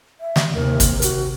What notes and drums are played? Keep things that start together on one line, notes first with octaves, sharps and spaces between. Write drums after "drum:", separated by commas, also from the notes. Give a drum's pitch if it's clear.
E5
drum: snare
D#2 C3 A#4
drum: kick, hi-hat
F#4, drum: hi-hat